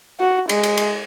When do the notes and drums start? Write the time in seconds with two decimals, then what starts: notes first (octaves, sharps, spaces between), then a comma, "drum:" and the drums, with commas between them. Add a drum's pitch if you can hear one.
0.20 F#4
0.49 G#3, drum: cymbal
0.63 drum: cymbal
0.77 drum: cymbal